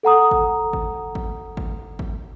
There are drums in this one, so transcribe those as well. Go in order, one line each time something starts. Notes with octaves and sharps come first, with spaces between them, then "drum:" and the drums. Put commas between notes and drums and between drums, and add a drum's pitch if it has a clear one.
A4 F#5 A#5 D#6
drum: kick G#1
drum: kick G#1
drum: kick G#1
drum: kick G#1
drum: kick G#1